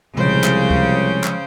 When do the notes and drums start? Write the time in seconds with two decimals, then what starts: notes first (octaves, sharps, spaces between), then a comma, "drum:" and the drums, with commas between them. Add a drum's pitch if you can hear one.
0.17 C2 C#3 F3 G#3 C5 G5, drum: tom A#2
0.44 drum: clap
0.70 drum: kick C#2
1.24 drum: clap